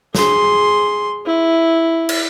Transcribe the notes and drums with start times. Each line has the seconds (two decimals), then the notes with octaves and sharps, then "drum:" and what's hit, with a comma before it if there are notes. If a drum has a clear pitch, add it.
0.15 G#4 C6, drum: snare
1.26 E4
2.09 drum: cymbal